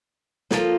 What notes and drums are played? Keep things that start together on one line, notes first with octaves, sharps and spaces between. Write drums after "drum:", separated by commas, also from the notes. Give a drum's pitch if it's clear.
F3 A#3 F4 A4, drum: snare